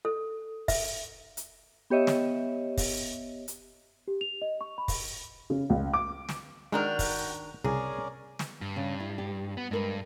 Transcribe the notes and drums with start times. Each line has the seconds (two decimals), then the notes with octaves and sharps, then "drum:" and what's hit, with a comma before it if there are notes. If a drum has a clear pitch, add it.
0.05 A4
0.68 E5, drum: kick, open hi-hat
1.37 drum: hi-hat
1.90 B3 G4 C#5 D#5 E5
2.07 drum: snare
2.77 drum: kick, open hi-hat
3.48 drum: hi-hat
4.08 G4
4.21 F7
4.42 D#5
4.61 C#6
4.78 B5
4.88 drum: kick, open hi-hat
5.50 C#3
5.70 C#2
5.94 D6
6.29 drum: snare
6.72 D#3 G#3 D4 D#4 F#4 A#4 G5
6.99 drum: kick, open hi-hat
7.64 C2 C#3 C#4 G#4 A#4 D5 A#5
8.39 drum: snare
8.61 G2
8.76 C#3
9.00 E4
9.18 G4
9.57 B3
9.71 G2 G#3 A#4 B4